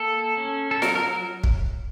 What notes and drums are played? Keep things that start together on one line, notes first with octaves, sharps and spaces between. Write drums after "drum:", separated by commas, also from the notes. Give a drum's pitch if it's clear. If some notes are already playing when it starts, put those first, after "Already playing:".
Already playing: A#3 A4
C#4
A4
F#3 A#4, drum: snare F4
A#4
drum: kick